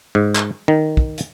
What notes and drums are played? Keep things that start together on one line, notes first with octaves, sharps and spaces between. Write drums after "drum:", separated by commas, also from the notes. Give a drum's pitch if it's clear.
G#2
drum: clap
D#3
drum: kick
drum: hi-hat